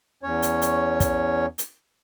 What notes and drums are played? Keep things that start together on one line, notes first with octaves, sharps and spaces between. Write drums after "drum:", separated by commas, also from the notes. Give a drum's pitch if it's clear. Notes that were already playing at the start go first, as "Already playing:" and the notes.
E2 C#4 C#5
drum: hi-hat
drum: hi-hat
drum: kick, hi-hat
drum: hi-hat